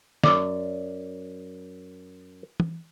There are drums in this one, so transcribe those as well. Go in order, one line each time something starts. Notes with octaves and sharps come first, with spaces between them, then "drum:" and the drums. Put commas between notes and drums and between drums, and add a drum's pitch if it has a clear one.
F#2 D5, drum: snare
drum: tom